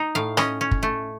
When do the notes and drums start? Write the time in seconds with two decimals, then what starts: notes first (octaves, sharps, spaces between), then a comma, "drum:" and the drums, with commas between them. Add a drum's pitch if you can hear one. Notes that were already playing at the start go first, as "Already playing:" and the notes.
Already playing: D#4
0.15 A2 F5
0.37 C#4 D#5, drum: rim click
0.61 C#4
0.71 drum: kick F#1
0.83 A3